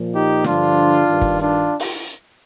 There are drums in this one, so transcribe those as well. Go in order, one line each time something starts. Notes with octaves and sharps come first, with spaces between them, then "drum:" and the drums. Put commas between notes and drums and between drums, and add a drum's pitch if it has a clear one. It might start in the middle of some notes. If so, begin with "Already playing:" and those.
Already playing: A#2 F3
D#4 G4
G2 D3 F3 D4 F4, drum: snare
G2 D#3
drum: kick
D4 F4, drum: hi-hat
drum: open hi-hat